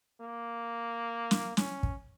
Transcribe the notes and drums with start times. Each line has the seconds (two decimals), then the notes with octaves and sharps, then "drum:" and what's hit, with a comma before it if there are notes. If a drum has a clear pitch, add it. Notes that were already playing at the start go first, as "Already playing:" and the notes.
0.21 A#3
1.31 drum: snare
1.57 C#4, drum: snare
1.83 drum: kick